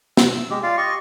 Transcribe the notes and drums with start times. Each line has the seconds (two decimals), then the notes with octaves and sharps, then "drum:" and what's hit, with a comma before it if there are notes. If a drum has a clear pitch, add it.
0.17 E6, drum: snare
0.50 G#3 G4
0.63 F4 D5 F5
0.77 G4 D#5 C#6